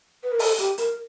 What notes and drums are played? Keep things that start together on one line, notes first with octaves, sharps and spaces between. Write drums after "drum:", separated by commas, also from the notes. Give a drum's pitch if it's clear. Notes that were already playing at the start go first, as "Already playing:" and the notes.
B4
A#4
A4, drum: open hi-hat
G4, drum: hi-hat
A#4, drum: hi-hat